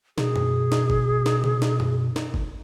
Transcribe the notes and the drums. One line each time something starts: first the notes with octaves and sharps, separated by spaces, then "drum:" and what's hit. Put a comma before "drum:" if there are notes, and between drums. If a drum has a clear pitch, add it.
B2 G#4, drum: snare
drum: tom F#2
drum: snare
drum: kick
drum: snare
drum: tom C3
drum: snare
drum: tom F#2
drum: snare
drum: kick